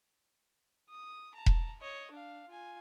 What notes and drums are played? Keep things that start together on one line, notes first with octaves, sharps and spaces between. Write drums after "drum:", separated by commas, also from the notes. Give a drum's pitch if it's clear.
D#6
A5 A#5
drum: kick E1
C#5 D#5
D4 F5
F4 G#5